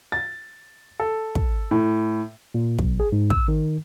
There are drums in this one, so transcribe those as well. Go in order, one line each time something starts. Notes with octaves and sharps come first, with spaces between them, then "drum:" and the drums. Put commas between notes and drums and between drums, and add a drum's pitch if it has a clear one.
A6
A4
drum: kick
A2
A#2
B1, drum: kick
G#4
G#2
E6, drum: kick
D#3